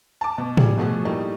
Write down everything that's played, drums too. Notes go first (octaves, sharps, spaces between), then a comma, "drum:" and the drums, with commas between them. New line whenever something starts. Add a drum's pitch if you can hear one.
A5 D6
B2
G3 G#4, drum: tom
B2 F3 A3 F#4 G#4
A2 G3 A3 A#3 D#4